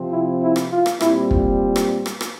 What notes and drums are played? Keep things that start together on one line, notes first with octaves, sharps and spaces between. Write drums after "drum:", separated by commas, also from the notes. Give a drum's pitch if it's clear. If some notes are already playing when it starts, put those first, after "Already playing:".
Already playing: C3 F3 C4
E4
E4
drum: rim click
F4
drum: rim click
A#2 G3 C4 E4, drum: rim click
drum: kick
drum: rim click
drum: rim click
drum: rim click